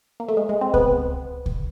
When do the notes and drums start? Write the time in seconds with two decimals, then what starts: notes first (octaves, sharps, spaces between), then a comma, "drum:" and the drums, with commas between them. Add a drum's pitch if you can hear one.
0.20 A#3
0.28 A3
0.37 G#3
0.49 G#3
0.61 C4
0.74 B3, drum: kick C#2
1.46 drum: kick C#2